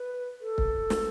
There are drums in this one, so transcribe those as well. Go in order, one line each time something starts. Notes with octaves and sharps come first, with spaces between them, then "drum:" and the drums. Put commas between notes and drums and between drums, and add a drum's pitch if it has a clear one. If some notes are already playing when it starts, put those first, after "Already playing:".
Already playing: B4
A4
drum: kick
drum: snare